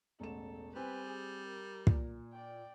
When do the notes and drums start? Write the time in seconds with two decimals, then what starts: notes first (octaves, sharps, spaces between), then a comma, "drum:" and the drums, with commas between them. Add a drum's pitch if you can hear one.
0.20 E1 A1 A4 E7
0.76 G3 C4 B4 G#5
1.06 G#4
1.47 A#4
1.87 A#2, drum: kick
2.32 D5 G5